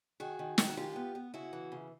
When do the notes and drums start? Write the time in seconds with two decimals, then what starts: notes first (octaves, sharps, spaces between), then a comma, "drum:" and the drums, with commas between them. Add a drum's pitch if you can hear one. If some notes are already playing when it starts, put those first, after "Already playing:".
0.20 D#3 F#4 G#4
0.39 D#3
0.58 D#3, drum: snare
0.68 F#4
0.77 G#3 F4 G4
0.96 B3
1.15 B3
1.34 C#3 E4 F#4
1.53 E3
1.72 C#3